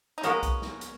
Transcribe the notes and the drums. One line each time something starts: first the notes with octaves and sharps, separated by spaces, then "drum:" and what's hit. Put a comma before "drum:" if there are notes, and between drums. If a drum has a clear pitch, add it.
D#4
G#3 A#3 B3 C#4 F#4 A#4, drum: hi-hat
drum: kick B1, hi-hat
drum: snare
drum: hi-hat